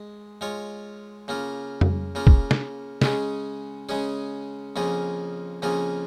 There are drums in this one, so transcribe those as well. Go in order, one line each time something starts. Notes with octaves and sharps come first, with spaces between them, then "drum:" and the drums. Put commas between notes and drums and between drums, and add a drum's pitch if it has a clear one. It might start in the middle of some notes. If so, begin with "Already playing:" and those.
Already playing: G#3
G#3 F4 C#5
C#3 A#3 F4
drum: tom
C#3 A#3 F4
drum: kick
drum: snare
C#3 G#3 C#4 G#4, drum: snare
C#3 G#3 C#4 G#4
F2 C#3 A#3 F4 G#4
F2 C#3 A#3 F4 G#4